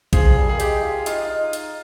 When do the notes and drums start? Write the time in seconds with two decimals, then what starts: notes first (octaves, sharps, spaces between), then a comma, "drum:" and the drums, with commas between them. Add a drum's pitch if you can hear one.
0.13 F3 G#4, drum: kick A#1, hi-hat
0.37 G3
0.49 A#3 G#4
0.60 G#3 G4, drum: hi-hat
0.83 F4
1.06 D#4 F4, drum: hi-hat
1.30 D#4
1.53 drum: hi-hat